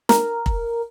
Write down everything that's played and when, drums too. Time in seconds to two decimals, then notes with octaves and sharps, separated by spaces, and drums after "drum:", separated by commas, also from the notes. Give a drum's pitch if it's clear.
0.09 A#4, drum: snare
0.46 drum: kick